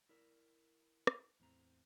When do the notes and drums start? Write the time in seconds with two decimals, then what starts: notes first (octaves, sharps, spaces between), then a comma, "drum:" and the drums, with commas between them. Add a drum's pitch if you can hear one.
0.09 E4 A#4 D5
1.07 drum: rim click
1.40 E2 A2 C4 A#5